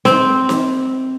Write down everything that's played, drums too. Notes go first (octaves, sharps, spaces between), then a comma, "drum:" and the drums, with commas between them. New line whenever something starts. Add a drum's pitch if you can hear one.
C4, drum: snare
drum: snare